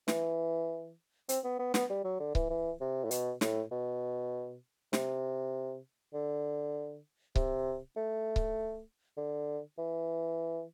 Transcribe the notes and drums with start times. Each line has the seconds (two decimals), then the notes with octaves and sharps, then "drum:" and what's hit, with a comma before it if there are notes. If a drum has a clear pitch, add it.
0.08 E3, drum: snare
1.29 C4, drum: hi-hat
1.44 B3
1.59 B3
1.74 B3, drum: snare
1.90 G3
2.04 F#3
2.20 D3
2.35 E3, drum: kick C#1
2.50 E3
2.81 C3
3.05 A2
3.11 B2, drum: hi-hat
3.41 A2, drum: snare
3.71 B2
4.93 C3, drum: snare
6.14 D3
7.36 C3, drum: kick C#1
7.96 A3
8.36 drum: kick C#1
9.17 D3
9.78 E3